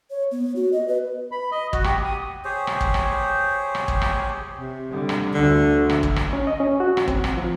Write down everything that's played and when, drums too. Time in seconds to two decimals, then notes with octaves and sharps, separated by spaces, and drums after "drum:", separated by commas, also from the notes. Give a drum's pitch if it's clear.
0.10 C#5
0.31 B3
0.56 F#4
0.72 D#5
0.88 B4
1.32 B5
1.51 D#5
1.73 F#4, drum: kick
1.84 G4, drum: rim click
2.05 D#6
2.45 G4 G#4 C5 C#5
2.67 drum: rim click
2.81 drum: kick
2.94 drum: rim click
3.75 drum: rim click
3.88 drum: kick
4.02 drum: rim click
4.58 C3
4.89 D3 G3
5.09 drum: rim click
5.34 D2 D3
5.90 drum: rim click
6.03 drum: kick
6.16 drum: rim click
6.33 C#4
6.47 D#5
6.60 C#4
6.80 F#4
6.97 drum: rim click
7.08 C4, drum: kick
7.24 drum: rim click
7.37 F3